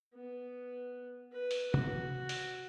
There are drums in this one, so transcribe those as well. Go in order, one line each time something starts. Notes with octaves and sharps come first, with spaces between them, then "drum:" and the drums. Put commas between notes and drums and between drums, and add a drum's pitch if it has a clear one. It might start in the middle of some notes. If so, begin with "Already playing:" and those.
B3
B4
drum: open hi-hat
F#4, drum: tom
drum: open hi-hat